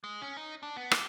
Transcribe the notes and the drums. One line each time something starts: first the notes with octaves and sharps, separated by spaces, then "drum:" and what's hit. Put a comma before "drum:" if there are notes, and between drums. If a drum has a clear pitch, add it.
G#3
C#4
D#4
D4
B3
G4, drum: rim click